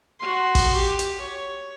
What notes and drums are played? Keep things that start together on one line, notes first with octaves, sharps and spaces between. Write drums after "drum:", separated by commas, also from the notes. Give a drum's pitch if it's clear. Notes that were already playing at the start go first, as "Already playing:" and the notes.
F#4 C6
drum: kick, open hi-hat
G4
drum: hi-hat
C#5